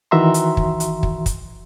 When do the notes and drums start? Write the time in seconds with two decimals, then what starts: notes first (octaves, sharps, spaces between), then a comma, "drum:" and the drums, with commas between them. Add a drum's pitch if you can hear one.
0.11 D#3 E3 F#4 E5 A#5 C6
0.34 drum: hi-hat
0.57 drum: kick
0.80 drum: hi-hat
1.03 drum: kick
1.26 drum: kick, hi-hat